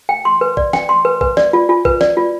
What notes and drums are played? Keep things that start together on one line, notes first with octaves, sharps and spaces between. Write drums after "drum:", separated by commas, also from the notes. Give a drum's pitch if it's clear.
G5
C6
B4
D5, drum: kick
G5, drum: snare
C6
B4
B4, drum: kick
D5, drum: snare
F4
F4
B4, drum: kick
D5, drum: snare
F4